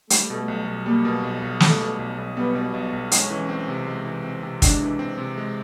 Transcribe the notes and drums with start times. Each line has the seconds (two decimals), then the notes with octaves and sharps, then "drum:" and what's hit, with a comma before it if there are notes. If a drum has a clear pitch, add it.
0.10 G3 A3, drum: hi-hat
0.30 B2
0.48 B1
0.68 B1
0.86 G3 A#3
1.05 B2
1.23 B1
1.42 B1
1.60 G3 A3, drum: snare
1.80 B2
1.99 B1
2.18 B1
2.36 G3 B3
2.55 B2
2.74 B1
2.93 B1
3.12 G#3 C#4, drum: hi-hat
3.30 E3
3.49 C4
3.68 C3
3.87 G#3
4.05 E3
4.24 C4
4.43 C3
4.62 G#3 D4, drum: kick, hi-hat
4.81 E3
4.99 C4
5.18 C3
5.37 G#3